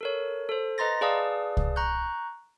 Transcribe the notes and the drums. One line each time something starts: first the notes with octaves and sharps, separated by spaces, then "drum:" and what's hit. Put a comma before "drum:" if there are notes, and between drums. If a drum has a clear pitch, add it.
A4 A#4 C#5
A4 C5
B4 D#5 A#5 C6 A6 A#6
G#4 B4 D5 F5 A5 D#6
drum: kick C2
A#5 C#6 F#6 G6